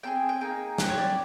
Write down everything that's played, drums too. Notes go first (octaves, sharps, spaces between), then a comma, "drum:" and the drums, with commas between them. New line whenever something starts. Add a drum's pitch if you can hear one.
C4 D#4 G#4 G5
G5
A#3 D#4 G#4 G5
C4 E4 G4 F#5, drum: snare
C#5
D5